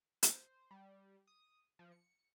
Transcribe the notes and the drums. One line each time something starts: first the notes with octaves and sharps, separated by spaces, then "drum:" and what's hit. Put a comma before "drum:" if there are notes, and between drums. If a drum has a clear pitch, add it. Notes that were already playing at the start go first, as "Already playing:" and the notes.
C5, drum: hi-hat
G3
D#6
F3
C#7